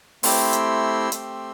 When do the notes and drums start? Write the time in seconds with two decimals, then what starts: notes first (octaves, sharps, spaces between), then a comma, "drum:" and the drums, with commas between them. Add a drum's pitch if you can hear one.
0.23 A3 C4 E4 G4 C6 E6, drum: open hi-hat
0.53 drum: hi-hat
1.12 A3 C4 G4, drum: hi-hat